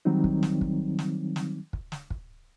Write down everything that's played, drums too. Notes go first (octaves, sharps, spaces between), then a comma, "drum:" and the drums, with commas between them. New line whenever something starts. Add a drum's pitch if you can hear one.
D#3 F#3 G3 C4 D#4
drum: kick
drum: snare
drum: kick
drum: snare
drum: snare
drum: kick
drum: snare
drum: kick